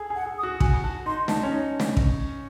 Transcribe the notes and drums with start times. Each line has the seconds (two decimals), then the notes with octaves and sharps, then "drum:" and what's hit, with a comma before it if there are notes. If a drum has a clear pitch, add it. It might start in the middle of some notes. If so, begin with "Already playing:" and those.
Already playing: G#4 A4
0.10 G#4 F#5
0.26 G#4
0.38 D#6
0.43 F#4
0.60 F#4 G#5, drum: kick
0.83 F#4 A5
1.06 D#4 C6
1.28 D#4 A5, drum: snare
1.43 C#4
1.52 D#4
1.80 drum: snare
1.97 drum: kick